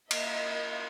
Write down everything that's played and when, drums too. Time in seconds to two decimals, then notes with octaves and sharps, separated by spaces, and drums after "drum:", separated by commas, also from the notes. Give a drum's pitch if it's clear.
0.11 A#3 D#5 E5, drum: cymbal